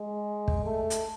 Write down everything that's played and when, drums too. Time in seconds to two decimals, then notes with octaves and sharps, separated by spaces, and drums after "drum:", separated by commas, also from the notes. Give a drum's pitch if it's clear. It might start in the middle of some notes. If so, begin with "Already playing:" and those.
Already playing: G#3
0.48 drum: kick
0.64 A3
0.90 drum: hi-hat